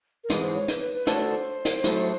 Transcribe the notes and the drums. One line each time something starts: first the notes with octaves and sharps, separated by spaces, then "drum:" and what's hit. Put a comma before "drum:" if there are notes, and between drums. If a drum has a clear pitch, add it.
A#4
G#2 E3 G#3 B4, drum: hi-hat
C5
C#5
B4, drum: hi-hat
B4
B4
A3 D4 F#4 A4 C5, drum: hi-hat
C#5
C5
drum: hi-hat
A2 F#3 A3, drum: hi-hat